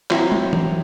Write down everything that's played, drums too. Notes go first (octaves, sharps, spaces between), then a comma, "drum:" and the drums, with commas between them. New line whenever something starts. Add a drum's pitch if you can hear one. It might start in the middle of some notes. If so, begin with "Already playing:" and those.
F#3 C4 E4, drum: clap
drum: tom
drum: tom E3